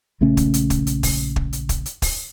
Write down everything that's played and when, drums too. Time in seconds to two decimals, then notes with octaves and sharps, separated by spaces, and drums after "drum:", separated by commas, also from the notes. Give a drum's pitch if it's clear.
0.21 A#1 C#3 A3 C#4
0.37 drum: kick, hi-hat
0.54 drum: hi-hat
0.70 drum: kick, hi-hat
0.87 drum: hi-hat
1.03 drum: kick, open hi-hat
1.36 drum: kick
1.53 drum: hi-hat
1.69 drum: kick, hi-hat
1.86 drum: hi-hat
2.02 drum: kick, open hi-hat